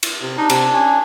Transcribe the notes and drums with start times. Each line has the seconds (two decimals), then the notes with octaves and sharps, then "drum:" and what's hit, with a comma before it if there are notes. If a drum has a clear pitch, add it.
0.03 drum: cymbal
0.22 C3
0.38 D4 D#4
0.50 C3, drum: cymbal
0.74 C#4